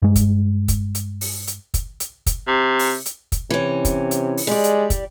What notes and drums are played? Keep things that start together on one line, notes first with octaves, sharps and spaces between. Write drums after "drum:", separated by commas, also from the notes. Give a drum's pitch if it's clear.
G2 G#3
drum: kick, hi-hat
drum: kick, hi-hat
drum: hi-hat
drum: open hi-hat
drum: hi-hat
drum: kick, hi-hat
drum: hi-hat
drum: kick, hi-hat
C3
drum: open hi-hat
drum: hi-hat
drum: kick, hi-hat
C3 E3 C#4
drum: kick, hi-hat
drum: hi-hat
drum: open hi-hat
G3 G#3 D5
drum: hi-hat
drum: kick, hi-hat